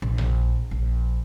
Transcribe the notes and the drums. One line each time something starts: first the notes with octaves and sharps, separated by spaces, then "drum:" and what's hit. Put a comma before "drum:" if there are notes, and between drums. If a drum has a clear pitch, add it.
A#1
drum: tom A#1
A#1